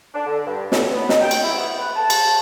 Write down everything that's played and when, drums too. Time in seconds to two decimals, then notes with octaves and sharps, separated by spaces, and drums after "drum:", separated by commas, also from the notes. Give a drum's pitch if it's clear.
0.13 D4
0.26 D3
0.46 G2
0.72 A2, drum: snare
0.91 B3
1.09 D#4, drum: snare
1.21 G5
1.31 drum: cymbal
1.42 E4
1.57 B3
1.78 B4
1.96 A5
2.10 drum: cymbal